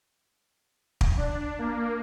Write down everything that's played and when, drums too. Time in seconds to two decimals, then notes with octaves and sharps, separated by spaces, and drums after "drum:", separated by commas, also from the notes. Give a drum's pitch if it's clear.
1.01 drum: kick
1.18 D4
1.59 A#3